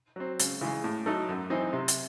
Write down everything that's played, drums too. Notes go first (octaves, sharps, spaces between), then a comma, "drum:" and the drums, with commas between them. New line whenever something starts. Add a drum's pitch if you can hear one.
F#3 C4
C#2, drum: hi-hat
C#3 E3 G#3
A2
F#3 A3 D#4 A4
F#2
E3 C4 D#4
C3
drum: hi-hat